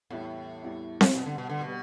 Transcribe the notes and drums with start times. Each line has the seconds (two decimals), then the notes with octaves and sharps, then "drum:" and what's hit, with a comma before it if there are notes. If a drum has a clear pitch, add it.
0.10 E2 A2 E3 G3 E4
0.62 E2 E3 G3 E4
1.01 drum: snare C4
1.15 G2 B2 G3 B3
1.26 D3
1.38 B2
1.49 D3
1.61 B2
1.67 G3 B3